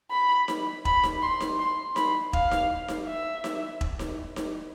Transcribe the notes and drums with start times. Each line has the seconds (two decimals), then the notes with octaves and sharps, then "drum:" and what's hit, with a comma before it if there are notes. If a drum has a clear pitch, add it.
0.11 B5
0.48 drum: snare D#4
0.85 B5, drum: kick E1
1.03 drum: snare D#4
1.22 C6
1.40 drum: snare D#4
1.59 C6
1.96 B5, drum: snare D#4
2.33 F5, drum: kick E1
2.51 drum: snare D#4
2.88 drum: snare D#4
3.07 E5
3.44 drum: snare D#4
3.81 drum: kick E1
3.99 drum: snare D#4
4.36 drum: snare D#4